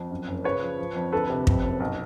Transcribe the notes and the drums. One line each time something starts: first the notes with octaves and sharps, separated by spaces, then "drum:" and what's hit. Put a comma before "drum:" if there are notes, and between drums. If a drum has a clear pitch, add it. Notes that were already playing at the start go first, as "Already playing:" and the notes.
Already playing: F2
F#2
F#1
C#3 B4 C#5
F3
F3
F2
D2 A4 B4
C3
F2, drum: kick
F#1
B1